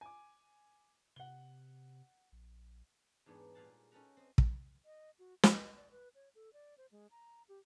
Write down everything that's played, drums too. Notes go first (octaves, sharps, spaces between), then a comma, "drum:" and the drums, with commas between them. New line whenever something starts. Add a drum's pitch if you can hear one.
G#5 D6
C3 F#5 G7
A#1
E2 G#2 B3 D4 C#5
A#2 G3 G#4 F5 F#5 A5
C#4 D#4 A4 B4 F#5 A#5
C4 D#5
drum: kick
D#5
F#4
D#5, drum: snare
D5
B4
C#5
A4
D5
C5
G#3
A#5
G4